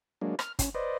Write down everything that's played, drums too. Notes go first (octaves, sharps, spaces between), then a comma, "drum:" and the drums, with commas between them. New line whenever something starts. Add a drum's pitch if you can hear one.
F#3 G#3 A#3 D4
F6, drum: rim click
C#4, drum: kick, hi-hat
B4 C5 D5 D#5